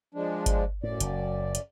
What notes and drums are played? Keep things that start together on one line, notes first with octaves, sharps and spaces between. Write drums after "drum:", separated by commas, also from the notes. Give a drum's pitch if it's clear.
F3 G#3 D4
drum: kick G1, hi-hat
F#2 A2 D5
F#1, drum: hi-hat
drum: hi-hat